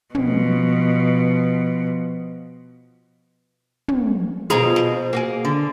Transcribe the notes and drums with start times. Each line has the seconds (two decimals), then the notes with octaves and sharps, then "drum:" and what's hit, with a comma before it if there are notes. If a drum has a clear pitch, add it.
0.15 B2 F3, drum: tom
3.88 drum: tom
4.50 B2 F3 F4 G#4 A#5, drum: hi-hat
4.76 drum: snare
5.13 A#3 F#4 G#4
5.45 D3